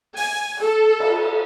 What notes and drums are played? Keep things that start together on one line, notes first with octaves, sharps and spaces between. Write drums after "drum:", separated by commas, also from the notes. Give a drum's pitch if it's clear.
G#5, drum: open hi-hat
A4
drum: cymbal